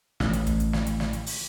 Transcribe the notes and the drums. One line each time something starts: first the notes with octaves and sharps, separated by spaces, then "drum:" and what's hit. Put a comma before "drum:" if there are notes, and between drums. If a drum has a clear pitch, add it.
A1, drum: snare
drum: hi-hat
drum: kick, hi-hat
drum: hi-hat
drum: snare
drum: hi-hat
drum: snare
drum: hi-hat
drum: open hi-hat